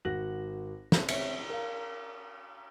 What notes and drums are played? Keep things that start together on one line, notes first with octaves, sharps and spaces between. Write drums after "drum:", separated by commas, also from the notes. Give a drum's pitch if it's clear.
G#1 F#4 F#6 A#6 F#7
drum: snare
C4 C#5 E5, drum: cymbal
A#4 F5